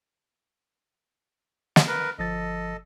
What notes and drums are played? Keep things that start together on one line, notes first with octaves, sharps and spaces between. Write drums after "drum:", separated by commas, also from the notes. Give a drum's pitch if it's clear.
drum: snare
A#4 B4
G1 F3 A4 D#5 A6